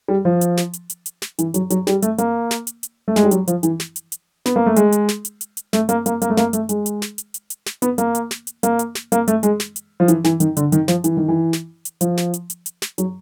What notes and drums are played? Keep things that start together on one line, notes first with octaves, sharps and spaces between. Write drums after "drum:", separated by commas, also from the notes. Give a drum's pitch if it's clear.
G3
F3
drum: hi-hat
drum: snare
drum: hi-hat
drum: hi-hat
drum: hi-hat
drum: snare
E3, drum: hi-hat
F#3, drum: hi-hat
F#3, drum: hi-hat
G3, drum: snare
A3, drum: hi-hat
A#3, drum: hi-hat
drum: snare
drum: hi-hat
drum: hi-hat
A3
G#3, drum: snare
G3
F#3, drum: hi-hat
F3, drum: hi-hat
E3, drum: hi-hat
drum: snare
drum: hi-hat
drum: hi-hat
B3, drum: snare
A#3
A3
G#3, drum: hi-hat
drum: hi-hat
drum: snare
drum: hi-hat
drum: hi-hat
drum: hi-hat
A3, drum: snare
A#3, drum: hi-hat
A#3, drum: hi-hat
A#3, drum: hi-hat
A3
A#3, drum: snare
A3, drum: hi-hat
G#3, drum: hi-hat
drum: hi-hat
drum: snare
drum: hi-hat
drum: hi-hat
drum: hi-hat
drum: snare
B3, drum: hi-hat
A#3, drum: hi-hat
drum: hi-hat
drum: snare
drum: hi-hat
A#3, drum: hi-hat
drum: hi-hat
drum: snare
A#3, drum: hi-hat
A3, drum: hi-hat
G#3, drum: hi-hat
drum: snare
drum: hi-hat
F3
E3, drum: hi-hat
E3, drum: snare
D#3, drum: hi-hat
D3, drum: hi-hat
D#3, drum: hi-hat
F3, drum: snare
E3, drum: hi-hat
D#3
E3
drum: snare
drum: hi-hat
F3, drum: hi-hat
drum: snare
drum: hi-hat
drum: hi-hat
drum: hi-hat
drum: snare
F#3, drum: hi-hat